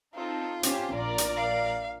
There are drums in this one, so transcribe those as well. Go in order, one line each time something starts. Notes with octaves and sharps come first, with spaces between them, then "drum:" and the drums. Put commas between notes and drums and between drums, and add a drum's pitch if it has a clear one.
C4 D#4 F4 A4
C#4 G4 C5, drum: hi-hat
A#1 A#4 D5
drum: hi-hat
F5